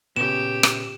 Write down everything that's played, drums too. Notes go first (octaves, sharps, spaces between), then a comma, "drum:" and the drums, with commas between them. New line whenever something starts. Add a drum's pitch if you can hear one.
A#2 C#3 B3 G4 E7
drum: rim click